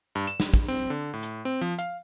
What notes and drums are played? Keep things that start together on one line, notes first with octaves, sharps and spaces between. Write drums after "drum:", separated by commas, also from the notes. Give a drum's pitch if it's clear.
G2
E7, drum: hi-hat
drum: snare
drum: kick, hi-hat
C4, drum: hi-hat
D3
A2
drum: hi-hat
C4
F3
F5, drum: hi-hat